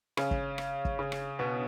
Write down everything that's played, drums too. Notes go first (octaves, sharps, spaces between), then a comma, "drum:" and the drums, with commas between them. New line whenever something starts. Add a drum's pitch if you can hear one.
C#3 C#4, drum: rim click
drum: kick G1
drum: rim click
drum: kick G1
C#3 C#4
drum: rim click
B2 B3